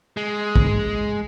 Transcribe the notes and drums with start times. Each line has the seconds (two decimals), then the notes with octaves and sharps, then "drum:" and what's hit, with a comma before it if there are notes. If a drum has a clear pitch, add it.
0.17 G#3
0.56 drum: kick